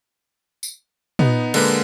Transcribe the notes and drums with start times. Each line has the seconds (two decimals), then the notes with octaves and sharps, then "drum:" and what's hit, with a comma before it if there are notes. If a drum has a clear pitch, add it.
0.63 drum: tambourine
1.19 B3 D#4, drum: tom A#2
1.54 D3 G#3 A#3 B4, drum: cymbal